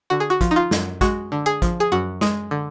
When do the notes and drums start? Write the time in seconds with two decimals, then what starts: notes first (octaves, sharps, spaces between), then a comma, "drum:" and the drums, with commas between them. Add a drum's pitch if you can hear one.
0.10 D3 F#4
0.20 G#4
0.30 F#4
0.41 F3, drum: kick, hi-hat
0.51 D#4
0.56 F4
0.71 F#2, drum: snare
1.01 G#3 F#4, drum: kick, hi-hat
1.32 D3
1.46 G#4
1.62 F3, drum: kick, hi-hat
1.80 G#4
1.92 F#2 F#4
2.21 G#3, drum: snare
2.51 D3